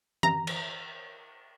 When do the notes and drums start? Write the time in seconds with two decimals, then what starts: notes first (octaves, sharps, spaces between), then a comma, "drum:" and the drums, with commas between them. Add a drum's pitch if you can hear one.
0.23 A#5, drum: tom E3
0.47 drum: cymbal